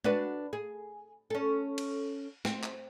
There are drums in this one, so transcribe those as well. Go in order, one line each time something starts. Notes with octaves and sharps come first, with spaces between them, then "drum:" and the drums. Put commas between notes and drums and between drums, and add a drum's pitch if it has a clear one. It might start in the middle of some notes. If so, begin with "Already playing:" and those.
D4 F#4 B4, drum: tom G#3
G#4
C#4 A4
drum: cymbal
C4, drum: snare
drum: clap